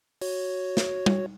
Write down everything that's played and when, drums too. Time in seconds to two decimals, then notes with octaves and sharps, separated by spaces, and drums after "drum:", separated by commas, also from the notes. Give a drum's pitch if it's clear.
0.22 F#4 C#5, drum: open hi-hat
0.77 drum: snare
1.06 drum: tom